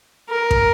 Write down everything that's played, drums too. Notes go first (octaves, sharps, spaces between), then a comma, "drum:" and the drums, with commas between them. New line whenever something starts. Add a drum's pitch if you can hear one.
A#4
drum: kick